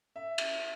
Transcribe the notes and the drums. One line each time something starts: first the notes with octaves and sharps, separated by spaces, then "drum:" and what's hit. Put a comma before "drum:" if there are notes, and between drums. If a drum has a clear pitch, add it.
E5
drum: cymbal